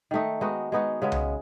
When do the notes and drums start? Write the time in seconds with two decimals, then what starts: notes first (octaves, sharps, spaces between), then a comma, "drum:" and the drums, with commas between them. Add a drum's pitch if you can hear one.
0.11 D#3 A3 D#4
0.41 G#3 B3 D#4 F#4
0.72 G#3 B3 D#4 F#4
1.02 C#3 G#3 B3
1.12 drum: tom C2